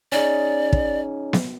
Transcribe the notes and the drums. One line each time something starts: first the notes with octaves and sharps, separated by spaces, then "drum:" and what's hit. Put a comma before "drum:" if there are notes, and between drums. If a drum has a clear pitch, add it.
C#4 D#4 G#4 D5
drum: kick
drum: snare B3